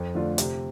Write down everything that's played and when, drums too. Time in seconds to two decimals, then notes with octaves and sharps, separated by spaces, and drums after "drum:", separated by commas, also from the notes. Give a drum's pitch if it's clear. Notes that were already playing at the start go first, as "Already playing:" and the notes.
Already playing: F2
0.15 D3 A3 F4 D5
0.38 C3, drum: hi-hat